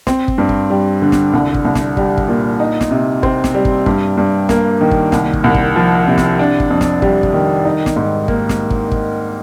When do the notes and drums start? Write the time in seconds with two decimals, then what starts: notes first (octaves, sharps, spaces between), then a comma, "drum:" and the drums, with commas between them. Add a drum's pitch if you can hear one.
0.07 C4, drum: snare
0.28 drum: kick
0.38 G2
0.49 drum: kick
0.70 G3
1.02 D3
1.12 drum: snare
1.33 C2
1.54 drum: kick
1.65 C2
1.75 drum: snare
1.97 G3, drum: kick
2.17 drum: kick
2.28 A#2
2.60 D#4
2.81 drum: snare
2.91 C3
3.23 C4, drum: kick
3.44 drum: snare
3.54 G3
3.65 drum: kick
3.86 G2, drum: kick
4.17 G2
4.49 A#3, drum: snare
4.81 D#3
4.91 drum: kick
5.12 C2, drum: snare
5.33 drum: kick
5.44 C2
5.54 drum: kick
5.76 F3
6.07 C3
6.18 drum: snare
6.39 D4
6.60 drum: kick
6.70 F2
6.81 drum: snare
7.02 G3, drum: kick
7.23 drum: kick
7.33 D#3
7.65 D#4
7.86 drum: snare
7.96 G#2
8.28 A#3, drum: kick
8.49 drum: snare
8.70 drum: kick
8.91 drum: kick